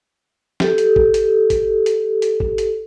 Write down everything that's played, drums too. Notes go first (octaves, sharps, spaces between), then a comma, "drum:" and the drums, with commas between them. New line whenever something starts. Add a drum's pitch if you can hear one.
G4 A4, drum: snare
drum: hi-hat
drum: kick A1
drum: hi-hat
drum: kick A1, hi-hat
drum: hi-hat
drum: hi-hat
drum: kick A1
drum: hi-hat